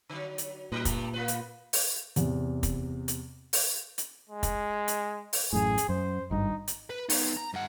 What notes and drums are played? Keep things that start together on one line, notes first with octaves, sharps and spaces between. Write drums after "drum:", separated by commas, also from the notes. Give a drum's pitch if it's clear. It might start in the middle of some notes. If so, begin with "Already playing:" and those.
D3 F#3
drum: hi-hat
A#2 F#3 D#4 B4
G2 G3 A3, drum: kick, hi-hat
A#3 F4 B4
drum: hi-hat
drum: open hi-hat
E2 C3, drum: hi-hat
drum: kick, hi-hat
drum: hi-hat
drum: open hi-hat
drum: hi-hat
G#3
drum: kick, hi-hat
drum: hi-hat
drum: open hi-hat
A1 F#2 A2 G#4
drum: hi-hat
F#2 C5
G#1 G2 D#4
drum: hi-hat
B4
B3 D#4, drum: open hi-hat
A#5
G2 F#5